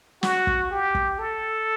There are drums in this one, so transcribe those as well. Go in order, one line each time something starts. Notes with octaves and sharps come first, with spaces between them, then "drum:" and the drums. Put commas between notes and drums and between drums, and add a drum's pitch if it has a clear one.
F#4, drum: snare
drum: kick
G4
drum: kick
A4